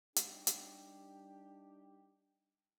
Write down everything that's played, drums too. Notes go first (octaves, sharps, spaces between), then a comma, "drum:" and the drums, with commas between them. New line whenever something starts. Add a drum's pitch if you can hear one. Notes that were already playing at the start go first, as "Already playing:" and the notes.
G3 D4 D#4 G4, drum: hi-hat
drum: hi-hat